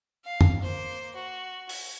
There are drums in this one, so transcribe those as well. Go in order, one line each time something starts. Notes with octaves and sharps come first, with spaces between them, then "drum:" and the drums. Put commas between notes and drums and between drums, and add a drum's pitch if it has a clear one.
F5
drum: tom
A#3 C5
F#4
drum: open hi-hat